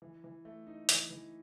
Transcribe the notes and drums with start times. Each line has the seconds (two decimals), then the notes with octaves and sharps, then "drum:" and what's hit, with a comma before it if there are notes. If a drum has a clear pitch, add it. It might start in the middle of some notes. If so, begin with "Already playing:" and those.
0.02 E3
0.24 E3
0.45 A3
0.67 D#4
0.89 E3, drum: hi-hat
1.10 E3